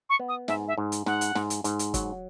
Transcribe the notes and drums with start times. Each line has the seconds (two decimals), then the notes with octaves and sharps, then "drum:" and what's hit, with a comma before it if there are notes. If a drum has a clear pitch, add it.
0.10 C#6
0.20 B3
0.29 D#6
0.48 G#2 E5, drum: snare
0.68 E5
0.78 G#2
0.92 drum: hi-hat
1.06 G#2 F#5, drum: snare
1.21 drum: hi-hat
1.35 G#2, drum: snare
1.50 drum: hi-hat
1.64 G#2, drum: hi-hat
1.79 drum: hi-hat
1.94 F#3, drum: kick, hi-hat